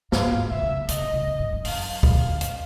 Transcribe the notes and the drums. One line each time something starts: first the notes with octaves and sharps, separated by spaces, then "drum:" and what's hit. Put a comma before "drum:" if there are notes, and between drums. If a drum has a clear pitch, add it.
G2 F5, drum: snare
G#2
C3 E5
C#3
D3
C3 D#5, drum: hi-hat
A#2
C3
C#3
G2
G2
F#2 F5, drum: open hi-hat
F5, drum: kick
drum: hi-hat